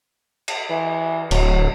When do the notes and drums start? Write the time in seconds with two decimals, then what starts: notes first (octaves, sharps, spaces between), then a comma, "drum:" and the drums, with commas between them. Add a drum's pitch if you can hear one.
0.48 drum: cymbal
0.70 E3
1.31 D1 F#3, drum: cymbal